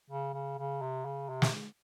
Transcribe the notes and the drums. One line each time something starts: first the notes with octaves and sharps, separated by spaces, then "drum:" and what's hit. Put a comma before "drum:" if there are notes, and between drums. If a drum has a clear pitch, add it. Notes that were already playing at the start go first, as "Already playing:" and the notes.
C#3
C#3
C#3
C3
C#3
C3
drum: snare